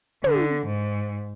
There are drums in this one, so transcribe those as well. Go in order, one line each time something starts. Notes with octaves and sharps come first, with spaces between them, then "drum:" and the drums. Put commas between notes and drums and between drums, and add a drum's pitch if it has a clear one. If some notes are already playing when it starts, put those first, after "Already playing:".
D3, drum: tom
G#2